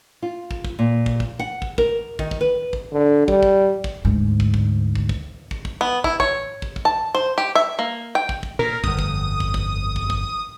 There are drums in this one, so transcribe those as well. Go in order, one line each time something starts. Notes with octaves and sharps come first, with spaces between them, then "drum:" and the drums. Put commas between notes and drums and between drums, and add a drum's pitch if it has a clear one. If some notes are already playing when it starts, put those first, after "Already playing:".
F4
drum: kick
drum: kick
A#2
drum: kick
drum: kick
F#5
drum: kick
A#4, drum: kick
D#3, drum: kick
drum: kick
B4
drum: kick
D3
G3, drum: kick
drum: kick
drum: kick
D2 G#2
drum: kick
drum: kick
drum: kick
drum: kick
drum: kick
drum: kick
B3
E4, drum: kick
C#5, drum: kick
drum: kick
drum: kick
A5
C5
G4
E5
A#3
G5
drum: kick
drum: kick
A#2 A#4
G1 F2 D#6, drum: kick
drum: kick
drum: kick
drum: kick
drum: kick
drum: kick